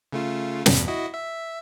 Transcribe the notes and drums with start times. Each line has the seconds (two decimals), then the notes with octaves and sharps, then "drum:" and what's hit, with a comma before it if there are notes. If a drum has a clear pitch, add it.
0.12 C#3 A3 F4
0.66 E2 G2 B2, drum: snare
0.88 E4 F#4 D#5
1.14 E5